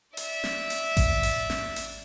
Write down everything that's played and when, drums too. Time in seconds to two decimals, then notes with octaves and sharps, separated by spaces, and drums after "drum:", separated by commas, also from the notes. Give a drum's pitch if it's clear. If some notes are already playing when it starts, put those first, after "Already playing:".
0.17 D5 E5, drum: hi-hat
0.44 drum: snare
0.70 drum: hi-hat
0.97 drum: kick A1, hi-hat
1.23 drum: hi-hat
1.50 drum: snare
1.76 drum: hi-hat